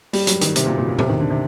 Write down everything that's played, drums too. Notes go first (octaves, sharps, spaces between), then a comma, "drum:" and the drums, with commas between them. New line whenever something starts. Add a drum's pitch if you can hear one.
G3, drum: open hi-hat
F#3, drum: hi-hat
D#3, drum: hi-hat
C3, drum: hi-hat
A#2
A#2
A#2
C3, drum: tom A2
D#3
D3
C3